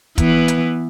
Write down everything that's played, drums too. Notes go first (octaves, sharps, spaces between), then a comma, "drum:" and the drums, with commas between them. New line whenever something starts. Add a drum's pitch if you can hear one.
E3 B3, drum: kick, hi-hat
drum: hi-hat